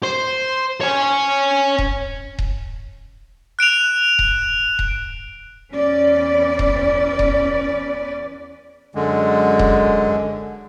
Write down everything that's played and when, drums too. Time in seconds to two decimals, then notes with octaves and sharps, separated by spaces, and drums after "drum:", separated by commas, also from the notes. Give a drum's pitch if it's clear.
0.03 C5
0.81 C#5 G#5
1.78 drum: kick D#1
2.39 drum: kick D#1
3.59 F#6 D7 E7 F7
4.19 drum: kick D#1
4.79 drum: kick D#1
5.71 E2 C#4 B4 D5
6.59 drum: kick D#1
7.19 drum: kick D#1
8.95 F#2 D3 G#3
9.59 drum: kick D#1